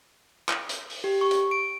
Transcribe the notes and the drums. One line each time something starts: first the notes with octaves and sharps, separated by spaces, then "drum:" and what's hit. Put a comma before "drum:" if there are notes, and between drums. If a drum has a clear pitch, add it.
drum: clap
drum: hi-hat
drum: open hi-hat
G4
C#6
drum: hi-hat
D7